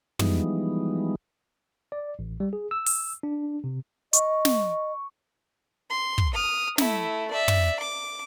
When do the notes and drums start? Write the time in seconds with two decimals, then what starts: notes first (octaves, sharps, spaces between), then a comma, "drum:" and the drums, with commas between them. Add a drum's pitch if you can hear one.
0.19 E3 F3 G3 G#3 B3 D#4, drum: tom
1.92 D5
2.19 A1
2.40 G3
2.53 G#4
2.71 E6
2.86 drum: open hi-hat
3.23 D4
3.64 C3
4.13 D#5 C#6, drum: hi-hat
4.45 drum: snare
5.90 C6
6.18 drum: kick
6.34 D#6 F6
6.78 A3 E4, drum: snare
7.31 D5 E5
7.48 drum: tom
7.80 D6